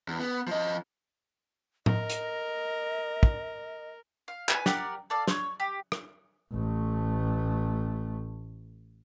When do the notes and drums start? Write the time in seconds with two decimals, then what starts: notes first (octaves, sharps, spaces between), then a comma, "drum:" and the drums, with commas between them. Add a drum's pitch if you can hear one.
0.08 E2
0.20 B3
0.48 F3 D#5
1.86 A#4 D#5, drum: tom A2
2.10 drum: hi-hat
3.23 drum: kick
4.28 F5
4.49 B4 E5 G#5, drum: clap
4.66 G4 A#4 D5 F#5, drum: snare
5.10 A4 D5 F5
5.28 C5 C#5, drum: snare
5.60 G4
5.92 drum: rim click
6.52 A1 A3